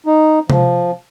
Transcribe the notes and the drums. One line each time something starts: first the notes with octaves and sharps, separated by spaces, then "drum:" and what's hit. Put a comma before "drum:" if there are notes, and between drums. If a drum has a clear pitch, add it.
D#4
F3, drum: tom C3